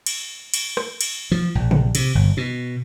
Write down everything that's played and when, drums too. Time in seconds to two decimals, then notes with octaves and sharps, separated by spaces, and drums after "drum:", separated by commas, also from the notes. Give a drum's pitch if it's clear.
0.06 drum: cymbal
0.54 drum: cymbal
0.77 drum: rim click
1.01 drum: cymbal
1.32 F3
1.55 A#1
1.71 drum: tom C3
1.95 C3, drum: cymbal
2.15 G1
2.37 B2